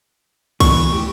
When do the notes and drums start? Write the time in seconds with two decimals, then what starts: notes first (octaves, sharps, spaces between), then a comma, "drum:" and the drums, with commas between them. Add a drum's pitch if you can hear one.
0.60 E3 B3 C#5 C#6, drum: kick, cymbal
0.90 A2 G4